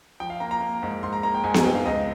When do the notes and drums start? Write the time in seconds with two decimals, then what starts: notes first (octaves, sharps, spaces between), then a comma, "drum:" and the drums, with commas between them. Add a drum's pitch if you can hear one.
0.20 F3 G5
0.30 F5
0.40 A#3 A#5
0.51 A#5
0.61 A#3
0.83 G#2
1.02 G#2 C6
1.13 A#5
1.23 A#3 A#5
1.35 G5
1.44 G#2 G#5
1.54 G#5, drum: snare B3
1.64 G#2 G5
1.75 F5
1.85 C#2 D#5